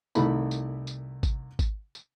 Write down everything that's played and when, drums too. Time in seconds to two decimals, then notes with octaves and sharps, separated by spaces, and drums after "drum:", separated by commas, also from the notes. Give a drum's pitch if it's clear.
0.15 C2 D#3 A3 E4 B5, drum: tambourine
0.51 drum: tambourine
0.87 drum: tambourine
1.23 drum: kick G#1, tambourine
1.59 drum: kick G#1, tambourine
1.95 drum: tambourine